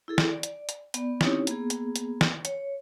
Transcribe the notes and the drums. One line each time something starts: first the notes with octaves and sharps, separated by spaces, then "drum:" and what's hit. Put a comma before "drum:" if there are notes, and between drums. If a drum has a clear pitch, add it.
E4 G#4 A4
drum: snare
D5
drum: hi-hat
drum: hi-hat
B3 D5, drum: hi-hat
C4 C#4 D#4 E4 G4 C#5, drum: snare
A#3 B3 G#4, drum: hi-hat
drum: hi-hat
drum: hi-hat
drum: snare
C#5, drum: hi-hat